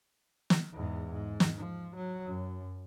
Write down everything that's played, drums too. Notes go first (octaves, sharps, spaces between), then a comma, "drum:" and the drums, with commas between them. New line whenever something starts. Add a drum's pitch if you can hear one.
drum: snare
E2 G#2
G#2
drum: snare
F3
F#3
F#2